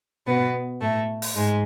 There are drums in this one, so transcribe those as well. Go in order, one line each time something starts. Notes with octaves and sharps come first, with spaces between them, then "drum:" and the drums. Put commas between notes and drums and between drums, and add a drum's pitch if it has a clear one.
B2 B3
A2 A3
drum: open hi-hat
G#2 G#3